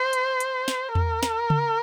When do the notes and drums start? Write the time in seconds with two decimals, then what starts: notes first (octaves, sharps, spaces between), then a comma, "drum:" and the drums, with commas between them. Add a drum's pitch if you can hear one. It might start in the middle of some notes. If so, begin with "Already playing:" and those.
Already playing: C5
0.13 drum: hi-hat
0.40 drum: hi-hat
0.68 drum: snare
0.95 A#4, drum: tom E2
1.23 drum: snare
1.50 drum: tom C#3